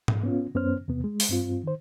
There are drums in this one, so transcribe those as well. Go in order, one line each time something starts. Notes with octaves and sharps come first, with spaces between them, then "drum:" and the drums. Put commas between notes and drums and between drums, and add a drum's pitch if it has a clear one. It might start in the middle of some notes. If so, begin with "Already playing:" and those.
drum: tom G#2
B3 C#4 F4
F#2 B3 C#4 C5 F6
E2 C3 B3
G#3
drum: open hi-hat
G2 C4 F4
D#3 C5